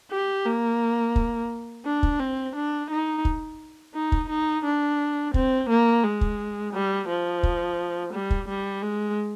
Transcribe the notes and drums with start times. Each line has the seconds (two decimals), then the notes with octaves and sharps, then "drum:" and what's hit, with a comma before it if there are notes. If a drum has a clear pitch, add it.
0.11 G4
0.46 A#3
1.16 drum: kick
1.85 D4
2.03 drum: kick
2.20 C4
2.56 D4
2.90 D#4
3.25 drum: kick
3.95 D#4
4.12 drum: kick
4.29 D#4
4.65 D4
5.34 C4, drum: kick
5.69 A#3
6.04 G#3
6.21 drum: kick
6.74 G3
7.08 F3
7.43 drum: kick
8.13 G3
8.30 drum: kick
8.48 G3
8.82 G#3